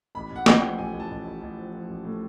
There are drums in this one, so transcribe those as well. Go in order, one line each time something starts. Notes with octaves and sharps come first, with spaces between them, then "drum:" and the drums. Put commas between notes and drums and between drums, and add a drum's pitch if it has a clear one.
A1 B5
A1 F#5
A2, drum: snare
G5
F3
A1 G#5
A1
A5
A1
A1
A1
F3
F3
A1
A2